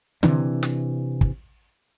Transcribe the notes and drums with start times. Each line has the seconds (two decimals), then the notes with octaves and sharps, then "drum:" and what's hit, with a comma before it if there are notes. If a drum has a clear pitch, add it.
0.23 C3 E3 D4, drum: tom D3
0.63 drum: snare
1.21 drum: kick